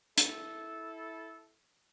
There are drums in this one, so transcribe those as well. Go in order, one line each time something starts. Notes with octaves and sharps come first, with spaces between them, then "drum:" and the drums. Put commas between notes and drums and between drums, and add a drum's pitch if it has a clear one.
E4 A4, drum: hi-hat